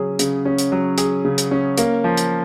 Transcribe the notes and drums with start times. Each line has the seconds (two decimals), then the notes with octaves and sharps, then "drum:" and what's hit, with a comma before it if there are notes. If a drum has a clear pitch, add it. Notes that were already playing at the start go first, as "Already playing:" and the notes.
Already playing: C#3 F#3 C#4 G#4
0.19 C#3, drum: hi-hat
0.45 C#4
0.58 drum: hi-hat
0.72 F#3
0.98 G#4, drum: hi-hat
1.25 C#3
1.38 drum: hi-hat
1.51 C#4
1.78 A#3, drum: hi-hat
2.04 F3
2.17 drum: hi-hat